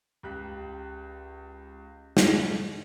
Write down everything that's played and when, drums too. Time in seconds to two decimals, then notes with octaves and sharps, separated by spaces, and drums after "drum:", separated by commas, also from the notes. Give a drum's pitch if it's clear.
0.23 C#2 G4 F#6 B6
2.17 drum: snare